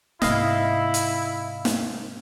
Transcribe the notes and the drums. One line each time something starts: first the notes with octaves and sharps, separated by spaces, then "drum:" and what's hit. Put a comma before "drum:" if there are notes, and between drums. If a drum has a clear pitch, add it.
G#2 C3 E4 D#5 F5, drum: snare
drum: hi-hat
drum: snare